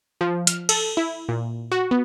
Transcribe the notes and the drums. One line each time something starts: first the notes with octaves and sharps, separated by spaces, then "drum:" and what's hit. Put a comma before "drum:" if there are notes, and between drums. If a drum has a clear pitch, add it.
F3
F6, drum: hi-hat
A4, drum: cymbal
E4
A#2
F#4
B3